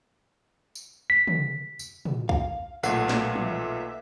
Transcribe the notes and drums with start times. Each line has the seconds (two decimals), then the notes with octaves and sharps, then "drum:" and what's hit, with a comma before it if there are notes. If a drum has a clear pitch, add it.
0.75 drum: tambourine
1.10 B6
1.27 drum: tom
1.79 drum: tambourine
2.05 drum: tom
2.29 F5, drum: kick B1
2.83 B1 A#2 A3 A4 B4 F5 F#5, drum: tambourine
3.09 drum: snare
3.35 drum: tom
3.44 E5